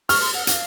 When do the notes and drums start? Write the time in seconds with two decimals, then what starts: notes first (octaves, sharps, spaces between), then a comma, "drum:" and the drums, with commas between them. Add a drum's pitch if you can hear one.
0.09 C#6 F6, drum: open hi-hat
0.22 C6
0.34 F#5
0.47 F#5, drum: hi-hat
0.51 F5